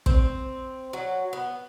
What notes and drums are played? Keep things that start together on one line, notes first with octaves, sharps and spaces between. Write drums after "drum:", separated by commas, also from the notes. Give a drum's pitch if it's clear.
C4, drum: kick
F#3
B3